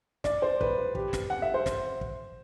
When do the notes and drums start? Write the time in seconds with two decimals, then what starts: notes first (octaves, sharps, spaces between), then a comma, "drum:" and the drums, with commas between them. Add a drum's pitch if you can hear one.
0.24 D5, drum: snare
0.42 C5
0.61 B4, drum: kick
0.95 G4, drum: kick
1.13 drum: snare
1.30 F#5
1.42 E5
1.54 C5
1.66 drum: snare
2.01 drum: kick